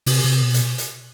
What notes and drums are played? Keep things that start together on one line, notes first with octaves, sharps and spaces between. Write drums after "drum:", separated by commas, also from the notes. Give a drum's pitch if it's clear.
C3, drum: open hi-hat
C3
B2
drum: hi-hat
drum: hi-hat